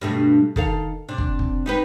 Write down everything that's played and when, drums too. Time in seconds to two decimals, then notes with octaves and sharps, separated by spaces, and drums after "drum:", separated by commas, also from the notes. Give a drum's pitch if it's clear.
0.01 G2 B2 A3
0.56 D#3 A4 F5, drum: kick
1.09 C3 D4
1.18 drum: kick
1.39 drum: kick
1.66 D#4 G4 B4